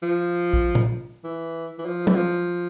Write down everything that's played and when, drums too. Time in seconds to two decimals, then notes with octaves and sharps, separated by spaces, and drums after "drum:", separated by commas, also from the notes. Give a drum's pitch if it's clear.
0.03 F3
0.53 drum: kick A#1
0.75 drum: tom
1.24 E3
1.79 E3
1.86 F3
2.07 E3, drum: tom
2.16 F3